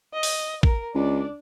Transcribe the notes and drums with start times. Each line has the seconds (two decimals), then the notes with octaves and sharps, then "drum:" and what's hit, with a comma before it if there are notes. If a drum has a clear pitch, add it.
0.13 D#5
0.23 drum: open hi-hat
0.63 A#4, drum: kick A1
0.95 C#2 D4 D5